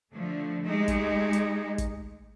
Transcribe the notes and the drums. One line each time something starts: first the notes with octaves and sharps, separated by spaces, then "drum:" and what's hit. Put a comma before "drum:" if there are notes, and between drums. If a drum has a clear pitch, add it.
D3 F3 A3
G#3 A3 D#4 G4
drum: kick, hi-hat
drum: hi-hat
drum: kick, hi-hat